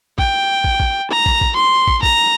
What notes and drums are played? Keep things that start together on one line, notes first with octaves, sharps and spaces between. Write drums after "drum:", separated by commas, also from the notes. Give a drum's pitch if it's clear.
G5, drum: kick
drum: kick
drum: kick
A#5
drum: kick
drum: kick
C6
drum: kick
A#5, drum: kick